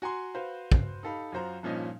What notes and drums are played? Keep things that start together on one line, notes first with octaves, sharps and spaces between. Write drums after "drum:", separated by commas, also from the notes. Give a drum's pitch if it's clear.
F#4 G#5 A#5 C6
F#4 B4 C5 F5
drum: kick
D#4 G4 A4 F5 B5
F#2 F4 F#4 C5 A#5
G2 A#2 F3 C#4 D#4 D#5